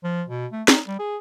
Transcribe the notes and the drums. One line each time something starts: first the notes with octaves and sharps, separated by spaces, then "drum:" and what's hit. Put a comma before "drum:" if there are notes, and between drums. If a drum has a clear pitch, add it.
F3
B2
A3
D#4, drum: snare
G3
G#4